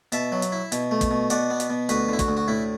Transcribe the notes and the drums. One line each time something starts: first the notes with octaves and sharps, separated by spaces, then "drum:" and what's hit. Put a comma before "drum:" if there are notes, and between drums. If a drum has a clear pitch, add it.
B2 E5 A5, drum: hi-hat
F#3
drum: hi-hat
E4
B2, drum: hi-hat
A3
drum: kick, hi-hat
B2
B2 D5 F#5, drum: hi-hat
B3
drum: hi-hat
B2
D2 F#4 B4, drum: hi-hat
D3 E4
F#4, drum: kick, hi-hat
D2
F#4
A2 E4